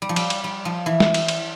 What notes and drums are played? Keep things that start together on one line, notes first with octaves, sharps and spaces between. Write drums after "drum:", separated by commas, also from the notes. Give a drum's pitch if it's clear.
G3
F3
G3, drum: cymbal
drum: cymbal
G3
F3
E3
drum: snare
drum: cymbal
drum: cymbal